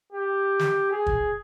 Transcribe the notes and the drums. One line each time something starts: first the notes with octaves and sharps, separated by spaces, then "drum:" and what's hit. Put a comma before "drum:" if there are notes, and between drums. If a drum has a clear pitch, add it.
G4
drum: snare
G#4
drum: kick